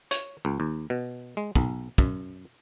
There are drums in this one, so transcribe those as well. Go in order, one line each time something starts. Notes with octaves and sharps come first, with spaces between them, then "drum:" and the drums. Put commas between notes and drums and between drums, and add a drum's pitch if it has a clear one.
C#5, drum: hi-hat
C#2
D#2
B2
G#3
B1, drum: kick
F#2, drum: kick